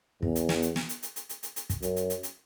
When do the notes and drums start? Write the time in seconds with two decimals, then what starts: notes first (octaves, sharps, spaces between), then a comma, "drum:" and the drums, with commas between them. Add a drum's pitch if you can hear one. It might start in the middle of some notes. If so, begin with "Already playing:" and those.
0.23 E2, drum: kick
0.35 drum: hi-hat
0.49 drum: snare
0.62 drum: hi-hat
0.76 drum: snare
0.89 drum: hi-hat
1.03 drum: hi-hat
1.16 drum: hi-hat
1.29 drum: hi-hat
1.43 drum: hi-hat
1.56 drum: hi-hat
1.70 drum: kick, hi-hat
1.82 F#2, drum: hi-hat
1.96 drum: hi-hat
2.10 drum: hi-hat
2.23 drum: hi-hat